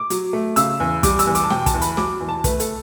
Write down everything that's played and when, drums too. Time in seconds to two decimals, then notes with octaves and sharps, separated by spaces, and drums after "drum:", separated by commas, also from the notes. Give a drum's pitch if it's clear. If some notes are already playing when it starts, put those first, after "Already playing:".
Already playing: D6
0.10 F#3, drum: hi-hat
0.33 A3
0.56 C#3 E6, drum: hi-hat
0.80 E2
1.03 G3 D6, drum: kick, hi-hat
1.19 E6, drum: hi-hat
1.27 E2
1.35 D6, drum: hi-hat
1.44 A5
1.50 B2 G5, drum: snare
1.66 A5, drum: kick, hi-hat
1.74 E2
1.82 B5, drum: hi-hat
1.97 F#3 D6, drum: snare
2.20 E2
2.29 A5
2.44 A3 B4, drum: kick, hi-hat
2.60 A4, drum: hi-hat